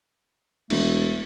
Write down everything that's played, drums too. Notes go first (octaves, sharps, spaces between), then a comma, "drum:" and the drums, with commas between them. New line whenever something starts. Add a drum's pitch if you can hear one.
E1 A3, drum: cymbal